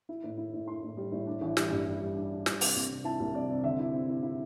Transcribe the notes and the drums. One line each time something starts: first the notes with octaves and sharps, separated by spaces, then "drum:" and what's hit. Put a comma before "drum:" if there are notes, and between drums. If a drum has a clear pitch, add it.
E4
A2
E4
A2
E4 C6
A2
G3
A2
D4
A1
G3, drum: snare
G2
G3
G3
D4
D4
G3, drum: snare
C3, drum: open hi-hat
C2
C3
E4 A5
C2
C3 D5
C3
D3 E5
E4
C4
E4
E4